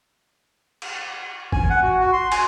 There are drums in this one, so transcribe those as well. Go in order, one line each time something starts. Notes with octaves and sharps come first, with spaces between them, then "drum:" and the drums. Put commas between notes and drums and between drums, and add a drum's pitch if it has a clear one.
drum: cymbal
G#5, drum: kick
F#5
F#4
F#4
C6
G#5, drum: cymbal